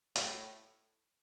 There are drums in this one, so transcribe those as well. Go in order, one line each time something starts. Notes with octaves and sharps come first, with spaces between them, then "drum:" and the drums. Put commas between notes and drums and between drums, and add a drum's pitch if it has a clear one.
A2, drum: hi-hat